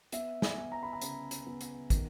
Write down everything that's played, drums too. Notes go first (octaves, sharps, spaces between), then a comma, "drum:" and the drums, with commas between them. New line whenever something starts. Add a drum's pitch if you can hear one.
B3 E5, drum: hi-hat
G#5, drum: snare
B3
A#5
B5
A#5
C#3, drum: hi-hat
drum: hi-hat
B3
drum: hi-hat
D#3, drum: kick, hi-hat